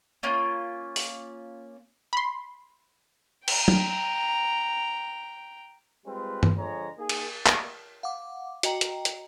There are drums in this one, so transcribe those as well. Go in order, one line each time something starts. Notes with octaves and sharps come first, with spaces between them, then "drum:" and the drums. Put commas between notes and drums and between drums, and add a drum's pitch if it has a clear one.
A#3 C#4 F4
drum: open hi-hat
B5 C6
G5 A#5, drum: cymbal
drum: tom
G3 G#3 C4 F4 B4
drum: tom G2
D3 F3 G#3 C#5 A#5
A#3 D#4 G#4
drum: cymbal
drum: clap
F5 F#5 D6
F#4 D#5 G5 A#5, drum: hi-hat
drum: hi-hat
drum: hi-hat